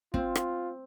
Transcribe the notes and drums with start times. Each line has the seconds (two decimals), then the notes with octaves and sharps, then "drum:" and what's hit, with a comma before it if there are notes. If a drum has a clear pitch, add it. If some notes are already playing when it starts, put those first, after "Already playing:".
0.14 C4 F4, drum: kick
0.36 drum: rim click